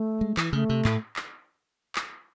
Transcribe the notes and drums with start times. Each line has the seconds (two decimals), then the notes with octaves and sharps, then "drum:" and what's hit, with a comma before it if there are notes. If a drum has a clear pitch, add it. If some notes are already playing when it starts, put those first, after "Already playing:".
Already playing: A3
0.21 G#3
0.37 E3, drum: clap
0.53 C#3 A3
0.69 C3
0.85 A2, drum: clap
1.16 drum: clap
1.95 drum: clap